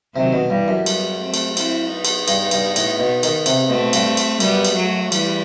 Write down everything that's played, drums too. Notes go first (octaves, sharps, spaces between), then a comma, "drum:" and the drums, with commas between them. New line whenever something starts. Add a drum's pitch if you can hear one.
C3 D#3 F#3
B2
G2 E3 G3
F#2
G3 B3, drum: cymbal
A3 C4
drum: cymbal
C4 E4, drum: cymbal
B3 D#4
drum: cymbal
G2, drum: cymbal
G2, drum: cymbal
A2, drum: cymbal
B2
D#3, drum: cymbal
C3, drum: cymbal
B2 A3 C4
G2, drum: cymbal
drum: cymbal
F#2 G3 B3, drum: cymbal
drum: cymbal
F#3 A3
E3 G3, drum: cymbal